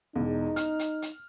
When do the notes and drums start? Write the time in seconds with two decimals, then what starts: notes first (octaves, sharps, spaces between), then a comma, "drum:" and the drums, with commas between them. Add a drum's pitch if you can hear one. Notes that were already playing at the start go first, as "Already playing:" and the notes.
0.16 E1 E2 D#4
0.56 F6, drum: hi-hat
0.79 drum: hi-hat
1.02 drum: hi-hat